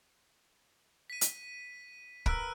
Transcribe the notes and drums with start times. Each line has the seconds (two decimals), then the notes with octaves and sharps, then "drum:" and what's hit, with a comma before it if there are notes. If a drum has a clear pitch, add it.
1.10 B6 D#7
1.21 drum: hi-hat
2.26 A#4 B4 E6 F#6 D7, drum: kick